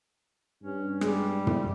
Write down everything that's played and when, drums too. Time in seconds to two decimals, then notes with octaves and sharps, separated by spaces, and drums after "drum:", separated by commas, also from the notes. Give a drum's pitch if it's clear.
0.63 G2 C#4
1.01 G3 G#3, drum: rim click
1.47 drum: tom